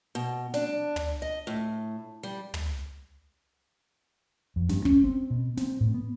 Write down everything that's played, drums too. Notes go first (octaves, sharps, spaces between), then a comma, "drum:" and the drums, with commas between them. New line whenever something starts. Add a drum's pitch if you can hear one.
B2
D4, drum: snare
drum: tom
D#5
A2
G3
drum: tom
F2
G2, drum: snare
C#4, drum: kick
C4
B2
C4, drum: snare
A2
B3